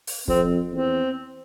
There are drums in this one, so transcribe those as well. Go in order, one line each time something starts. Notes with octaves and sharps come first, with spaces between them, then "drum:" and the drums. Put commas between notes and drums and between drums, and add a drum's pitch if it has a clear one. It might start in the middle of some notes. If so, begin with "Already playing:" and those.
drum: open hi-hat
F2 C4, drum: kick
E2 C4